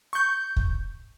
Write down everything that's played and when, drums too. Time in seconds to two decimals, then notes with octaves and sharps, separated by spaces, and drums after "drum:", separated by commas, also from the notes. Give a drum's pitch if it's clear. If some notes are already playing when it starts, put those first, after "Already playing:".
0.13 C#6 G6
0.56 drum: kick